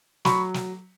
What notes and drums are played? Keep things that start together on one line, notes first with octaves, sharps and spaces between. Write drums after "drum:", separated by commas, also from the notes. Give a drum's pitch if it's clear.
F#3 B5 C#6, drum: snare
drum: snare